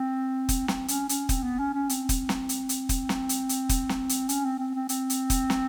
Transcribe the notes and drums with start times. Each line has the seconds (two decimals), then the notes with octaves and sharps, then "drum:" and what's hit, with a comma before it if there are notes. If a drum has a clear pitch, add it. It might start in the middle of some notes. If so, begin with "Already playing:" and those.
Already playing: C4
0.49 drum: kick, hi-hat
0.68 C4, drum: snare
0.88 C#4, drum: hi-hat
1.09 C#4, drum: hi-hat
1.29 C4, drum: kick, hi-hat
1.43 B3
1.59 C#4
1.74 C#4
1.89 C4, drum: hi-hat
2.09 drum: kick, hi-hat
2.29 drum: snare
2.49 drum: hi-hat
2.69 drum: hi-hat
2.89 drum: kick, hi-hat
3.09 drum: snare
3.29 drum: hi-hat
3.49 drum: hi-hat
3.69 drum: kick, hi-hat
3.89 drum: snare
4.09 drum: hi-hat
4.29 C#4, drum: hi-hat
4.45 C4
4.59 C4
4.74 C4
4.89 C4, drum: hi-hat
5.10 drum: hi-hat
5.30 drum: kick, hi-hat
5.50 drum: snare